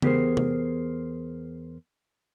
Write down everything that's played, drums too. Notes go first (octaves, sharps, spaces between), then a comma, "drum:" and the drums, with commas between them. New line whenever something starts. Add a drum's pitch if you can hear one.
E2 B3 G4 G#4 A#4 C5, drum: tom C#3
drum: tom C3